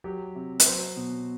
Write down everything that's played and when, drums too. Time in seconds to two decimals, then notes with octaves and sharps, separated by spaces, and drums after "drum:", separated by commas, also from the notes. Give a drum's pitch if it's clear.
0.04 F#3 G4
0.35 C3
0.60 B4, drum: hi-hat
0.66 F#3 C5
0.97 B2